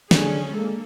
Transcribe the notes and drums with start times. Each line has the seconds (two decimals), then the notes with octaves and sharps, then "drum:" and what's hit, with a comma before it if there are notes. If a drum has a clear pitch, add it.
0.11 D3 C#4 G#4, drum: snare
0.51 G#3 A#3 A4